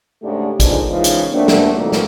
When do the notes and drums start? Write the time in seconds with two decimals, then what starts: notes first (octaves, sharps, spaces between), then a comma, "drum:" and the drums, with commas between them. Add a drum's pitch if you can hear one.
0.22 G#2 C#3 A3 D4 G4 A4
0.60 D3 D#3 F3 G#3 B3 D4, drum: kick A1, hi-hat
0.89 A#2 C#3 E3 F3 G#3 D#4
1.04 drum: hi-hat
1.32 F#3 A3 A#3 C4 D4
1.48 drum: snare
1.73 F2 B2 D#3 G3 A3 A#3
1.92 drum: snare